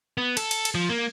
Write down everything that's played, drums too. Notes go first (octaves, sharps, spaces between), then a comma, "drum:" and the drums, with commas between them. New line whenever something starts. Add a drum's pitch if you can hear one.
B3
A4, drum: cymbal
drum: cymbal
drum: cymbal
F3
A#3